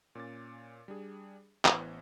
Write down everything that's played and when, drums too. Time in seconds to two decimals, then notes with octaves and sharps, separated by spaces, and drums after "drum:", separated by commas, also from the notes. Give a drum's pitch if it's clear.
0.15 A#2 C#4 D6 A6
0.88 G3 D4 G#4
1.65 A1 E3 B3 C5, drum: clap